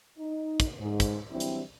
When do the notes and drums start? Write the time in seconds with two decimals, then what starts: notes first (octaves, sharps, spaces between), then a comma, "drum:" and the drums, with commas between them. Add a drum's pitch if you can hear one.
0.18 D#4
0.60 drum: kick, hi-hat
0.80 G#2
1.00 drum: kick, hi-hat
1.31 E3 F#3 G3 C4 D4 E4
1.40 drum: hi-hat